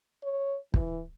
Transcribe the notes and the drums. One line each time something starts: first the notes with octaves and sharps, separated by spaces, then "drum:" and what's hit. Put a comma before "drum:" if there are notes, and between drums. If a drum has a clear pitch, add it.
C#5
E3, drum: kick